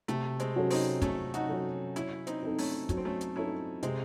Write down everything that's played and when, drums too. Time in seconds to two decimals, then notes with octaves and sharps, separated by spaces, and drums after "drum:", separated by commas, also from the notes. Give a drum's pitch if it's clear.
0.08 C3 A3, drum: hi-hat
0.39 G#3 C4, drum: hi-hat
0.56 F#3 C#4 F#4 A4
0.70 C4 D#4, drum: open hi-hat
1.02 C3 A3 C#4, drum: kick, hi-hat
1.34 D#4 F#4, drum: hi-hat
1.49 F#3 C#4 F#4 A4
1.96 F#3 C#4 E4, drum: hi-hat
2.27 C4 D#4, drum: hi-hat
2.43 C4 D#4 A4
2.58 A3 C#4, drum: open hi-hat
2.89 F#3 C#4, drum: kick, hi-hat
2.97 C4
3.05 A3 C#4
3.21 drum: hi-hat
3.36 C4 C#4 D#4 E4 A4
3.83 C3 G#3 C4, drum: hi-hat